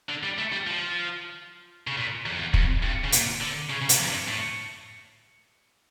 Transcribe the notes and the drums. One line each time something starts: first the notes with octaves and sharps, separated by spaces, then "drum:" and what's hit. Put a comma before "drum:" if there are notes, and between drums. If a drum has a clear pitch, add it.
D3
G3
A3
G3
F3
C#3
A#2
E2
F2
E2
F2, drum: kick
G2
C#3
A#2, drum: hi-hat
D3
C#3
C#3
A#2, drum: hi-hat
F2
G2
A2